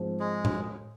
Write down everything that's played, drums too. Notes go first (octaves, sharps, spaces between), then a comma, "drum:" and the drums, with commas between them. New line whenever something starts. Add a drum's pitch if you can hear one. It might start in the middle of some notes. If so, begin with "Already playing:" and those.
Already playing: G#2 F3 C4
G#3
drum: tom A2